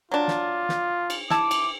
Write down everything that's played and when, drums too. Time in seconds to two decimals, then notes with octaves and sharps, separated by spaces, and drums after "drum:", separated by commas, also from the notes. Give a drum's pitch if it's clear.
0.11 F#3 D4 F4
0.28 drum: snare
0.69 drum: snare
1.10 drum: cymbal
1.30 E4 A5 D6, drum: snare
1.51 drum: cymbal